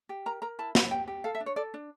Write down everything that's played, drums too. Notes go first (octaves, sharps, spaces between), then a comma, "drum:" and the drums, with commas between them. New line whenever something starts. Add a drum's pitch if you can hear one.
G4
A#4 A#5
A#4 A#5
E4 A5
E4, drum: snare
G4 G5
G4
A4 F5
E5
D4
C#5
A4 D5
D4